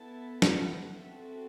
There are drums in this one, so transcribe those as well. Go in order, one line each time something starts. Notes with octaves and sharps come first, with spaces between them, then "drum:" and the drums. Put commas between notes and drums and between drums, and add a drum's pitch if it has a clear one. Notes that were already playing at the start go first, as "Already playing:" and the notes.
Already playing: B3 E4 A4 A5
F#5, drum: snare
C4 F#4 A4 E5